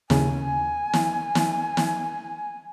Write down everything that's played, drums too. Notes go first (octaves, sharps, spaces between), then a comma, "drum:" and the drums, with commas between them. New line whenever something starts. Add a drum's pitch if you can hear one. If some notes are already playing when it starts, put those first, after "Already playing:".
D#2 C#3 G#5, drum: snare
drum: snare
drum: snare
drum: snare